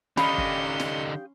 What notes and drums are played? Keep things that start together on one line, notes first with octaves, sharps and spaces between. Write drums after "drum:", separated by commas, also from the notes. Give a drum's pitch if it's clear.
D3 C#4 D#4 G4 F5 B5 C6 D#6, drum: snare
drum: kick
drum: snare